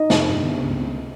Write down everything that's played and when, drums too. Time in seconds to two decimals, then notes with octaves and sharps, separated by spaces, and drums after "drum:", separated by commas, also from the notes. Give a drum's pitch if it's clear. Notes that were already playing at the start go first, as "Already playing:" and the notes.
Already playing: D#4 D#5
0.10 F1, drum: snare
0.26 G2
0.43 G1
0.59 C#2
0.76 C3